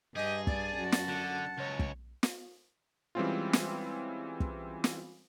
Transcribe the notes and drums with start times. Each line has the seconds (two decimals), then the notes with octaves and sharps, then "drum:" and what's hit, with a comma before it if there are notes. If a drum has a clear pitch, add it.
0.16 G2 G4 G#4 D#5
0.47 D5 A5, drum: kick
0.77 F#2 F#4
0.92 drum: snare
1.08 D3 F#5
1.58 C#2 C#5
1.79 drum: kick
2.23 drum: snare
3.15 E3 G3 G#3 C4 C#4 F4
3.53 drum: snare
4.40 drum: kick
4.84 drum: snare